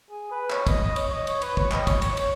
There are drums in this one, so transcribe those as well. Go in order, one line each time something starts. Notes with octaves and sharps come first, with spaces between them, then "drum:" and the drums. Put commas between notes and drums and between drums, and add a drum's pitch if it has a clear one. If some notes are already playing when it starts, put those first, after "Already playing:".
G#4
B4
C#5, drum: clap
D#5, drum: kick, cymbal
D#5
C#5, drum: cymbal
D#5
C#5, drum: cymbal
B4, drum: cymbal
C#5, drum: kick
D#5, drum: clap
C#5, drum: kick, cymbal
C#5, drum: cymbal
C#5, drum: cymbal